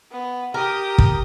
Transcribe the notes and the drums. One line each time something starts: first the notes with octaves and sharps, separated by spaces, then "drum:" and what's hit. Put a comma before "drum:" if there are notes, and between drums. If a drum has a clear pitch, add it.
B3
G4 A#4 D#6
drum: kick